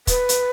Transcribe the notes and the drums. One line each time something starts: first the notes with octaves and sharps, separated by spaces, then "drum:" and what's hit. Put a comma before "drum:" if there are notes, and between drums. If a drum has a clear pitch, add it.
B4, drum: kick, hi-hat
drum: hi-hat